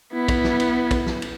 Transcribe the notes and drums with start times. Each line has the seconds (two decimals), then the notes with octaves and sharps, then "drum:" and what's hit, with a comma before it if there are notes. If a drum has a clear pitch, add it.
0.13 B3 E4
0.28 drum: kick, cymbal
0.44 drum: snare
0.60 drum: cymbal
0.91 drum: kick, cymbal
1.06 drum: snare
1.22 drum: cymbal